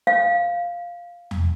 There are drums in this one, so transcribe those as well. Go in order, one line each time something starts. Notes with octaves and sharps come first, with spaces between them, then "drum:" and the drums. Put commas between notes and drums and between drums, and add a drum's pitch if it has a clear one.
F5
drum: tom E2